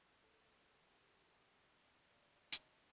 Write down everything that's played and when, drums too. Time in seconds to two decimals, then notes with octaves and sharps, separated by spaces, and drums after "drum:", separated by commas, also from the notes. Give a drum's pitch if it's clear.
0.24 A4
0.76 F4 G4
1.74 C4
2.04 D5 F5
2.52 C#4 D4 D#5 A5, drum: hi-hat